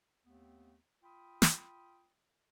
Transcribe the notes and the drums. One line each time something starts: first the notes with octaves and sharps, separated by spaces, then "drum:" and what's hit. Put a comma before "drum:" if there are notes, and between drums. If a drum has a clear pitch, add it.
D#2 A3 B3 C4
F4 G5 B5 D#6
drum: snare